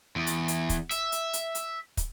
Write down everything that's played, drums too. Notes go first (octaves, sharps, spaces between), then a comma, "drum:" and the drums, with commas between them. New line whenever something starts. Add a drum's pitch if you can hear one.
E2
drum: hi-hat
drum: hi-hat
drum: kick, hi-hat
E5, drum: hi-hat
drum: hi-hat
drum: hi-hat
drum: hi-hat
drum: kick, hi-hat